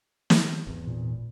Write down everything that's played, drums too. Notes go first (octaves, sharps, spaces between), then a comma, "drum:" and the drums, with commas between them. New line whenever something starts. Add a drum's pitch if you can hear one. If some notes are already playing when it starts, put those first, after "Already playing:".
drum: snare
G#1 E2
A#2